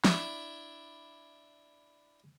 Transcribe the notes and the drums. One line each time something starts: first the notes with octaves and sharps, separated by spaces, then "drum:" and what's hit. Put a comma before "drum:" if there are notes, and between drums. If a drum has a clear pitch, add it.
D4 E4, drum: snare